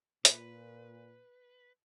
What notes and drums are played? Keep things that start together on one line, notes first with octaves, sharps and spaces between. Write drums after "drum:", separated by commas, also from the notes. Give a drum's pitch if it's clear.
A#2 B4, drum: hi-hat